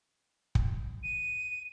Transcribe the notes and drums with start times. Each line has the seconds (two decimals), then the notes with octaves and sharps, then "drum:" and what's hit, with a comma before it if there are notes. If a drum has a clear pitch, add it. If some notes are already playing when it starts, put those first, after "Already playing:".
0.55 drum: kick
1.03 D#7